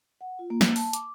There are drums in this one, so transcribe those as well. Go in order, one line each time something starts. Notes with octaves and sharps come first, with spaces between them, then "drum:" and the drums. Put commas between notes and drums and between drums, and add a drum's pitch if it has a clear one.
F#5
F4
A#3
drum: snare
A5, drum: open hi-hat
D6, drum: hi-hat